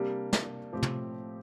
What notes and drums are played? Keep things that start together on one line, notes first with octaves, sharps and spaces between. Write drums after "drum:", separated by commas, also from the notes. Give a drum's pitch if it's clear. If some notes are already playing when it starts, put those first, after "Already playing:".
Already playing: C3 G3 A#3 D4
drum: snare
A2 F3 C4 G4
drum: tom